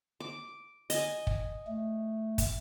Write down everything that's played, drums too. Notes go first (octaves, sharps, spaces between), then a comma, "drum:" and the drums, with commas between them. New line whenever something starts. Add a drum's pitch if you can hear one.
D6
D#5 G#5, drum: hi-hat
drum: kick
A3
drum: kick, hi-hat